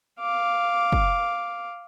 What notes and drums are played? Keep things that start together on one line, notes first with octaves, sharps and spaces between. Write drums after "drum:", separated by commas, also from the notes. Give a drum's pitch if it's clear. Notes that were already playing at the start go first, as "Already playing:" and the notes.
F5 D6
drum: kick